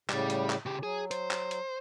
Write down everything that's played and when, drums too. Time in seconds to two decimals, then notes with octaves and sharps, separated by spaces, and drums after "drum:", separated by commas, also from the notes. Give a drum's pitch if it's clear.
0.10 A2 C#3 G3 D5, drum: clap
0.30 drum: hi-hat
0.50 drum: clap
0.66 C#3 G4
0.83 F#3 G#4
1.11 C5, drum: hi-hat
1.31 drum: clap
1.51 drum: hi-hat